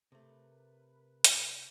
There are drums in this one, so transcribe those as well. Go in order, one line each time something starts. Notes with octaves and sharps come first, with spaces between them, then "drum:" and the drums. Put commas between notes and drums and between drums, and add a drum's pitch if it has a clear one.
C3 A3 A#4 B4
drum: hi-hat